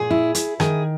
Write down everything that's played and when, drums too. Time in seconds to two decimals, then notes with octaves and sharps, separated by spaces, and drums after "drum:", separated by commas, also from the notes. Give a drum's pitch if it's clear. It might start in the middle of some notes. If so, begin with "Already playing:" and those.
Already playing: A#2 G#4
0.10 E4
0.35 E4, drum: hi-hat
0.60 D#3 G#4, drum: rim click